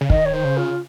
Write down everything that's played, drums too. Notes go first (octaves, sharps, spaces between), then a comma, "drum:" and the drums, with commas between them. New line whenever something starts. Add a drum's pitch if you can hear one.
C#3
D#3 D#5, drum: kick
C#5
D#3 C5
C#3
F4